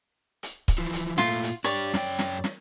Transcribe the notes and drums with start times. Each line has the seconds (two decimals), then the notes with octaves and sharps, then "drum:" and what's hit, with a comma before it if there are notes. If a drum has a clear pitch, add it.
0.43 drum: hi-hat
0.68 drum: kick C#1, hi-hat
0.78 E3 F3
0.93 drum: hi-hat
1.18 A#2 A3 F4, drum: snare
1.43 drum: hi-hat
1.64 D4 G4 C#5 D5
1.94 F#2 C#4 G5, drum: snare
2.19 drum: snare
2.44 drum: snare